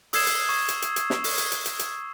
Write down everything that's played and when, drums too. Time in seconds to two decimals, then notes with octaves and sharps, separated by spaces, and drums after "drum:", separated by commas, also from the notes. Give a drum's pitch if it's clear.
0.13 D#6 E6 G#6 C7 E7, drum: open hi-hat
0.27 drum: hi-hat
0.49 C#6
0.68 drum: hi-hat
0.82 drum: hi-hat
0.96 drum: hi-hat
1.10 drum: snare
1.24 drum: open hi-hat
1.38 drum: hi-hat
1.52 drum: hi-hat
1.66 drum: hi-hat
1.79 drum: hi-hat